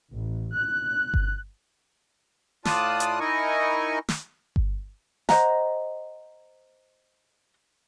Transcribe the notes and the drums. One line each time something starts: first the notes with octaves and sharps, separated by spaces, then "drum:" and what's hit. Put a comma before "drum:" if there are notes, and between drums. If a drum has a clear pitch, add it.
A1
F#6
drum: kick G1
A2 F4 D5 A5 D#6 F#6, drum: snare
drum: hi-hat
D#4 E4 A#4 D#5 G#5 C#6
drum: snare
drum: kick G1
C5 D#5 F#5 A#5, drum: snare